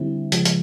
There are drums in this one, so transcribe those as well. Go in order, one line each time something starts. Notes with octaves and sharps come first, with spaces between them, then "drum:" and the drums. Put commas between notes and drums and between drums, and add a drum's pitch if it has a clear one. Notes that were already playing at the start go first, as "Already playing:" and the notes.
Already playing: D3 G3 C4 E4
C#3 F3 G#3, drum: hi-hat
drum: hi-hat